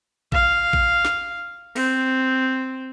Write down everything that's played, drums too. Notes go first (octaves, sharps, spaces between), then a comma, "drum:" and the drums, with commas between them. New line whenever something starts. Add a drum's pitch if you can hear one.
F5, drum: kick A1
drum: kick A1
drum: snare
C4, drum: open hi-hat